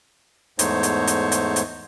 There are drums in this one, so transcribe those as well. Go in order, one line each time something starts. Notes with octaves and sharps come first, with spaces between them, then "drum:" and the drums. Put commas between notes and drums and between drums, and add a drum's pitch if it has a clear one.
E2 G#2 A3 D#4 C5 C#5, drum: hi-hat
drum: hi-hat
drum: hi-hat
drum: hi-hat
drum: hi-hat